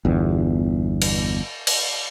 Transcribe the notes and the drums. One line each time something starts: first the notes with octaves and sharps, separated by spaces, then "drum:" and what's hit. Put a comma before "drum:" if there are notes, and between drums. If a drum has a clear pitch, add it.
G1 E2
drum: cymbal
drum: cymbal